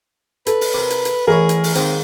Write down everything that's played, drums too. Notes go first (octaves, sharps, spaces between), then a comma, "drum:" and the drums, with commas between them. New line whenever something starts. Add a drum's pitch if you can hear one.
A4 B4, drum: hi-hat
drum: open hi-hat
C3 A#4
drum: hi-hat
drum: hi-hat
A1 E4 G#4 A#4 C#5
drum: hi-hat
drum: open hi-hat
D#2 G#2 D#3 C4, drum: hi-hat